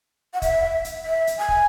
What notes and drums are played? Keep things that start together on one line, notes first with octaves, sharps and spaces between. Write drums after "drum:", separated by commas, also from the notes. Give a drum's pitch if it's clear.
F#5
E5, drum: kick, hi-hat
drum: hi-hat
E5
drum: hi-hat
G#5
drum: kick